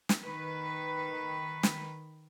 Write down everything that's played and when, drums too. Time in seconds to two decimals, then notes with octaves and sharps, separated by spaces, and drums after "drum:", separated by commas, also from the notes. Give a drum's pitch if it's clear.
0.09 drum: snare
0.21 D#3 B4
1.63 drum: snare